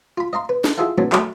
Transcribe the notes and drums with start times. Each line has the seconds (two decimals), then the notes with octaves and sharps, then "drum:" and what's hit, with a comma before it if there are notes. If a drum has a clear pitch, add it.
0.18 F4 B5
0.33 D#5 F5 A#5 C6
0.49 B4
0.64 drum: snare
0.77 E4 F4 G#4 A4 F5 F#5
0.98 D3 E3 F#3 A3 B3 C4
1.12 F#3 A3, drum: clap